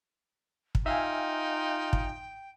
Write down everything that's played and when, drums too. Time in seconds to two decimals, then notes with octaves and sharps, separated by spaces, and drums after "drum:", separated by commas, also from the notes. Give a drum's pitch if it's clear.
0.75 drum: kick
0.86 D#4 F4 E5 F5 G5 G#5
1.93 drum: kick